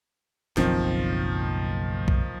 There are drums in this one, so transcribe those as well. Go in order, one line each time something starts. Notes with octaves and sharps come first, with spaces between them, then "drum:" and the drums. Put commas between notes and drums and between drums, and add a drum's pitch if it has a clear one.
F#1 B1 D#3 F3 C4, drum: snare
drum: kick B1